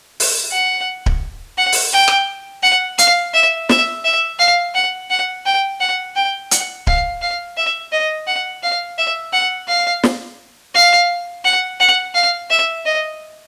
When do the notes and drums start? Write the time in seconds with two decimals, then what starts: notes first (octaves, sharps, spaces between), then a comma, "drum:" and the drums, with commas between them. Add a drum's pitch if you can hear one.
0.20 drum: open hi-hat
0.51 F#5
1.06 drum: kick D1
1.58 F#5
1.72 drum: open hi-hat
1.93 G5
2.08 drum: rim click
2.63 F#5
2.98 F5, drum: hi-hat
3.34 E5
3.69 E5, drum: snare
4.05 E5
4.39 F5
4.75 F#5
5.10 F#5
5.46 G5
5.80 F#5
6.16 G5
6.51 F#5, drum: hi-hat
6.87 F5, drum: kick D1
7.22 F5
7.57 E5
7.92 D#5
8.27 F#5
8.63 F5
8.98 E5
9.33 F#5
9.68 F5
10.03 drum: snare
10.74 F5
11.44 F#5
11.80 F#5
12.15 F5
12.50 E5
12.86 D#5